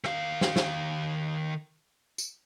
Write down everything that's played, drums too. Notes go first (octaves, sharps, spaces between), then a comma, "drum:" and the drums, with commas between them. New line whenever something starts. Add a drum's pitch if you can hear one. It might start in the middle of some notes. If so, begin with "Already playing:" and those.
D#3 F5, drum: rim click
drum: snare
drum: snare
drum: tambourine